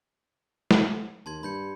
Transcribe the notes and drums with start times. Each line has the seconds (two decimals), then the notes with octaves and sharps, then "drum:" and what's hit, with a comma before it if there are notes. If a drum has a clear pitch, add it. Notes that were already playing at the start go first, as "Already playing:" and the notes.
0.71 drum: snare
1.26 D#2 A5 C6 G#6
1.43 G2 B5 G6 C#7